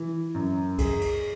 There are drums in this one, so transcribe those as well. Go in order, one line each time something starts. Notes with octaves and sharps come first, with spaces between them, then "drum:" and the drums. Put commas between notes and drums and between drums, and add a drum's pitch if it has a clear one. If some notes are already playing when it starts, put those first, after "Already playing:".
Already playing: E3
F#2
G#4, drum: kick C2, cymbal
drum: cymbal